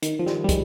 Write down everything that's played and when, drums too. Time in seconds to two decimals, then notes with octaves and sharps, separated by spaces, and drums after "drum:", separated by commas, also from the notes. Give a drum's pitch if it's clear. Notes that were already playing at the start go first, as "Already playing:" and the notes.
0.02 D#3, drum: hi-hat
0.19 F3
0.26 G3, drum: snare
0.44 G3
0.49 G#3, drum: kick, hi-hat